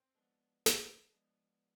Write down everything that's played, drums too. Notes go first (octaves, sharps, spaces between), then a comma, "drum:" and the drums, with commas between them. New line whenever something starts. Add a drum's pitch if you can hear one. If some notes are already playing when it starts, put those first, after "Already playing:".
Already playing: C4
F3 G#3 B3 D4
drum: snare
F3 G#3 B3 D4